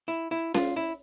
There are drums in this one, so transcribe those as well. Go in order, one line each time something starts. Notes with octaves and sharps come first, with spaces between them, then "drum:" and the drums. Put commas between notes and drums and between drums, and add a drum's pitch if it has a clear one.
E4
E4
F4, drum: snare C#4
E4